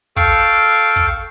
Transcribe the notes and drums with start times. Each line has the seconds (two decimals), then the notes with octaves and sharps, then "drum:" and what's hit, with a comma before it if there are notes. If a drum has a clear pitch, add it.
0.16 A4 F5 G5 C#6, drum: kick
0.32 drum: open hi-hat
0.96 drum: kick, hi-hat